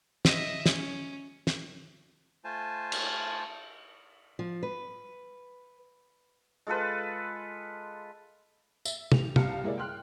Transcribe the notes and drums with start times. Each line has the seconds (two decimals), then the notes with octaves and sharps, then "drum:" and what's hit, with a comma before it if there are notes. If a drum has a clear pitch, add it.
0.25 D#5 E5, drum: snare
0.66 C#4, drum: snare
1.47 drum: snare
2.44 A3 F4 C5 G#5 A5
2.92 drum: cymbal
4.39 F3
4.63 B4
6.67 G#3 F4 A4 B4
8.85 E5, drum: tambourine
9.12 E3 G4 F7, drum: tom
9.36 C2 G4 F5 A5 F6 C#7, drum: tom
9.64 G#3 A#3 E4 G#4 D5
9.78 G5 C6 F6 F#6